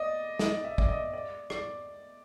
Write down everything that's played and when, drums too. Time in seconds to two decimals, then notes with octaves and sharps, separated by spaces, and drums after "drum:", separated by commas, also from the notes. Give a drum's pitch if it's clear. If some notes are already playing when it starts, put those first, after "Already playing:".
Already playing: D5 D#5
0.39 D#5, drum: snare
0.64 E5
0.78 D5, drum: kick
0.88 D#5
1.13 D5
1.50 D5, drum: rim click